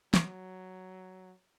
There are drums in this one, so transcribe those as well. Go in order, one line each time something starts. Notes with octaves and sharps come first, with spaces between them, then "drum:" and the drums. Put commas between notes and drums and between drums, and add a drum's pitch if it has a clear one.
F#3, drum: snare